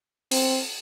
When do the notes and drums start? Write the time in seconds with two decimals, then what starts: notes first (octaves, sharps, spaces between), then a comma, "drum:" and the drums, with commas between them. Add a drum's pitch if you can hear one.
0.31 C4, drum: open hi-hat